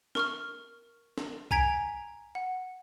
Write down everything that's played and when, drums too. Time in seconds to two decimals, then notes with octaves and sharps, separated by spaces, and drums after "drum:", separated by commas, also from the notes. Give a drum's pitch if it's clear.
0.15 A#4 C#6 F6, drum: snare
1.18 drum: snare
1.51 G#5 A#5 G#6 B6 D7, drum: kick
2.35 F#5